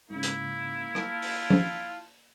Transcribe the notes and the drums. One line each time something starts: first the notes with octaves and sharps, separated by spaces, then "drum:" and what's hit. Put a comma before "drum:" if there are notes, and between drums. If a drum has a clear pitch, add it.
G#2 C#3 A#3 E4
drum: hi-hat
F4 A5, drum: rim click
drum: open hi-hat
drum: tom F3